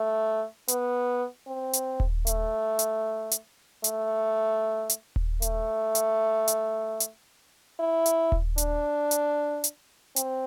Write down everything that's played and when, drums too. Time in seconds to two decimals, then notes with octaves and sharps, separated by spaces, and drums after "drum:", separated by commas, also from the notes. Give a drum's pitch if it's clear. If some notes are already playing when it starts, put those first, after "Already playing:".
Already playing: A3
0.68 B3, drum: hi-hat
1.48 C4
1.73 drum: hi-hat
2.00 drum: kick D#1
2.27 A3, drum: hi-hat
2.79 drum: hi-hat
3.31 drum: hi-hat
3.84 A3, drum: hi-hat
4.89 drum: hi-hat
5.16 drum: kick D#1
5.42 A3, drum: hi-hat
5.95 drum: hi-hat
6.48 drum: hi-hat
7.00 drum: hi-hat
7.80 E4
8.06 drum: hi-hat
8.32 drum: kick D#1
8.58 D4, drum: hi-hat
9.11 drum: hi-hat
9.64 drum: hi-hat
10.16 C4, drum: hi-hat